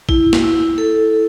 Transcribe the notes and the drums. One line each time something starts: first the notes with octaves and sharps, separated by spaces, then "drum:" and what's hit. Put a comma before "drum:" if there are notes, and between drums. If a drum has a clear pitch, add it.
E4, drum: kick
drum: snare
E4
A4